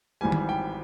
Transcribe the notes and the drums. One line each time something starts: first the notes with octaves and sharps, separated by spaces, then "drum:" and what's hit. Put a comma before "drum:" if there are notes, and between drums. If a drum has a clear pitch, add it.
G#1 G#2 E3 G3 G#5
drum: tom
G5